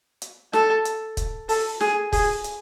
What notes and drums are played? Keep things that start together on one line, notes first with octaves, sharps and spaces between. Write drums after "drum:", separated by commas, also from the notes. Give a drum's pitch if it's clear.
drum: hi-hat
A4, drum: snare
drum: hi-hat
drum: kick, hi-hat
A4, drum: open hi-hat
G#4, drum: snare
G#4, drum: kick, open hi-hat
drum: hi-hat